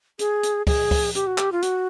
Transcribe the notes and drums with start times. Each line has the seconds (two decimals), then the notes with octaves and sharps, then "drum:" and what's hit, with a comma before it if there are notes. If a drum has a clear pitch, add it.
0.19 G#4, drum: hi-hat
0.43 drum: hi-hat
0.67 G#4, drum: kick C#2, open hi-hat
0.91 drum: kick C#2, open hi-hat
1.15 G4, drum: hi-hat
1.27 F#4
1.38 G4, drum: clap
1.52 F4
1.62 F#4, drum: hi-hat